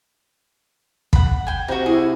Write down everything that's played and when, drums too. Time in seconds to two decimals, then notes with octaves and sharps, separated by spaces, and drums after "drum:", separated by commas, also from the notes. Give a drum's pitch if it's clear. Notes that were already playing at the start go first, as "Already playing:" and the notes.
1.13 F#5 B5, drum: kick
1.47 G5 G#5
1.68 C3 D#4 F#4 C#6
1.86 E4 G#4